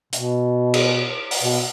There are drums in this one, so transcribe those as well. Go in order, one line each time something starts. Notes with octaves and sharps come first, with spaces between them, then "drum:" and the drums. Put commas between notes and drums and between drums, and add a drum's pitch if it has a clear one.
B2, drum: hi-hat
drum: cymbal
drum: open hi-hat
B2